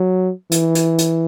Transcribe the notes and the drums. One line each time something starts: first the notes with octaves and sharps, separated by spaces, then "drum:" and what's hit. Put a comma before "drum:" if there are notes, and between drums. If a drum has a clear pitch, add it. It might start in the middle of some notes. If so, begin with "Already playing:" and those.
Already playing: F#3
E3, drum: hi-hat
drum: hi-hat
drum: hi-hat